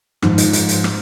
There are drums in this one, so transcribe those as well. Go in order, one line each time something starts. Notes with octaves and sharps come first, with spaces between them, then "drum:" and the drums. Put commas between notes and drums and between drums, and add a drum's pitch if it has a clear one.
G#2 F3, drum: rim click
drum: hi-hat
drum: hi-hat
drum: hi-hat
drum: rim click